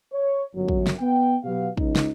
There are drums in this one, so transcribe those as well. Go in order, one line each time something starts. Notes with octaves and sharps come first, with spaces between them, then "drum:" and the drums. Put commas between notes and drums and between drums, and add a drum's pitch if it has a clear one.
C#5
G1 F#2 F#3
drum: kick
drum: snare
B3 G5
B2 F#3 B3 F#4 G4 F5
C#2 D#4, drum: kick
drum: snare